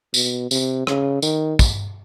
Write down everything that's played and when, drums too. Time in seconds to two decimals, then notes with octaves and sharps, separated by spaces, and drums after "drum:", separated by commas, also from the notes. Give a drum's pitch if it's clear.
0.14 B2, drum: tambourine
0.51 C3, drum: tambourine
0.87 C#3, drum: rim click
1.22 D#3, drum: tambourine
1.59 drum: kick, tambourine